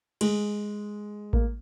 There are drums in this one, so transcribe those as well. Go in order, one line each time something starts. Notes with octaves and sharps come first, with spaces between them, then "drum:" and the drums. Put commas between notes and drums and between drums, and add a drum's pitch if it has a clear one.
G#3, drum: cymbal
A#3, drum: kick A1